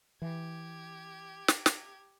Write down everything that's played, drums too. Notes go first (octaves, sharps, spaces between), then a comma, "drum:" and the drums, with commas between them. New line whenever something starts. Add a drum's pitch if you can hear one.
E3 G4 G#6
drum: snare
drum: snare